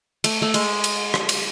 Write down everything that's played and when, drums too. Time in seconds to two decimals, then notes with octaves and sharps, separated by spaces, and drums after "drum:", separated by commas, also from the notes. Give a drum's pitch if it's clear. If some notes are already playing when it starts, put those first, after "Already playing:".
0.24 A3, drum: cymbal
0.42 A3
0.54 G#3, drum: cymbal
0.84 drum: cymbal
1.14 drum: rim click
1.29 drum: cymbal